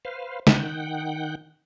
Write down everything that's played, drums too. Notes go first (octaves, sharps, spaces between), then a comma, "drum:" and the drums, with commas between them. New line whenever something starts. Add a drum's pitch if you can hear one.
B4 C5 F5
D#3 F#5 G5, drum: snare